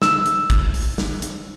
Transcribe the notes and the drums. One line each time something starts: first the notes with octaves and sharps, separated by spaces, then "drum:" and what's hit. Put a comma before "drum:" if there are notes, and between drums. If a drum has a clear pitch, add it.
E6, drum: snare
drum: hi-hat
drum: kick, hi-hat
drum: open hi-hat
drum: snare
drum: hi-hat